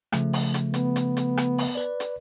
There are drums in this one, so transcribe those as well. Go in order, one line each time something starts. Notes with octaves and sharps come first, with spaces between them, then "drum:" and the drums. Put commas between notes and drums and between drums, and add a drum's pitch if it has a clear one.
C#3 F3 A3, drum: rim click
drum: open hi-hat
drum: hi-hat
B3, drum: hi-hat
drum: hi-hat
drum: hi-hat
drum: rim click
drum: open hi-hat
B4 D5
drum: hi-hat